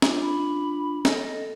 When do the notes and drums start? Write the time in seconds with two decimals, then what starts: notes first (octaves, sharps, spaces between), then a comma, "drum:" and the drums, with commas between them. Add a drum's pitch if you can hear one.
0.02 D4 F4, drum: snare
0.22 B5
1.05 A4 D#5, drum: snare